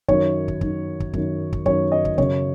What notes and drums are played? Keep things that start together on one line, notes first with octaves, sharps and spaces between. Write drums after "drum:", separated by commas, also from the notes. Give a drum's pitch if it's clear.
F#2 D#3 C#5, drum: kick
drum: kick
F#2 D#3, drum: kick
drum: kick
F#2 D#3, drum: kick
drum: kick
F#2 D#3 C#5, drum: kick
D#5
drum: kick
F#2 C#3 C#5, drum: kick